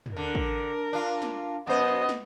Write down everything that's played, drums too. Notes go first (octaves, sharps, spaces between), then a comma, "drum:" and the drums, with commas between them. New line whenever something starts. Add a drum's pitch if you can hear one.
drum: tom
D3 A#4
drum: kick
D4 F4
drum: snare
F#2 B3 C5 D#5
drum: snare